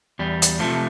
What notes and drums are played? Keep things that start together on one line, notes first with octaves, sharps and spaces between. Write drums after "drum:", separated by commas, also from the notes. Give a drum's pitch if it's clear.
E2 G3
drum: hi-hat
A2 C3 F3 A3